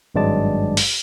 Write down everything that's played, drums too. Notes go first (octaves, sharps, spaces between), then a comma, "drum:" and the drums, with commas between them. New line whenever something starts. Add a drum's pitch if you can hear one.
G#1 G2 F#3 G#3 D5 A5
drum: open hi-hat